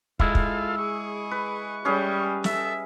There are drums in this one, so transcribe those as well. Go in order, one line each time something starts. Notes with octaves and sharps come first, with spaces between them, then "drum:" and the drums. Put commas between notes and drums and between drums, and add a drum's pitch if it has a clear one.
G#3 E4 F4 A4 F5, drum: kick
drum: kick
G#4 C#6
B4
G3 C#4 G#4 B4
A4 E5, drum: snare